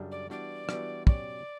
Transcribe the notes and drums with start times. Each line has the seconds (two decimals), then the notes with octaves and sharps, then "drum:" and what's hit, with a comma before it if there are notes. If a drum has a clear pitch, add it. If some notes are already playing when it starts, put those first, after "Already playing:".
Already playing: F#2 C#3 G3 D4
0.11 D5
0.30 E3 G3 B3 D4 F#4 D5
0.69 E3 G3 B3 D4 F#4, drum: rim click
1.07 B2 F#3 C#4 G4 C#5 D5, drum: kick